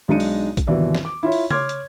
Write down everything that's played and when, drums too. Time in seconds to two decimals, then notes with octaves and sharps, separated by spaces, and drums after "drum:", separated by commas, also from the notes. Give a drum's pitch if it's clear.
0.08 B1 G#3 D4 D#4 C#7 D#7
0.20 drum: open hi-hat
0.57 drum: kick, hi-hat
0.67 G1 D#2 B2 E3 D5 E5
0.95 drum: snare
1.05 D6
1.23 E4 F4 C#5 E5
1.32 drum: open hi-hat
1.51 C#5 C6 D6 F6 G#6, drum: tom C#3
1.69 drum: hi-hat